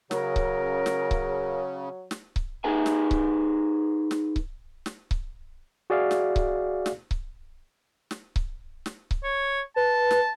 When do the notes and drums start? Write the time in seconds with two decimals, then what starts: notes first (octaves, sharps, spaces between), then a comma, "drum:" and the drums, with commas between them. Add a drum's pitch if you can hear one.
0.11 C#3 F#3 A#4, drum: snare
0.36 drum: kick C#1
0.86 drum: snare
1.11 drum: kick C#1
2.11 drum: snare
2.36 drum: kick C#1
2.64 D#4 G#4 B4 G#5
2.86 drum: snare
3.11 drum: kick C#1
4.11 drum: snare
4.36 drum: kick C#1
4.86 drum: snare
5.11 drum: kick C#1
5.90 F#4 G#4 D5 E5 F5
6.11 drum: snare
6.36 drum: kick C#1
6.86 drum: snare
7.11 drum: kick C#1
8.11 drum: snare
8.36 drum: kick C#1
8.86 drum: snare
9.11 drum: kick C#1
9.24 C#5
9.76 B4 A5
10.11 drum: snare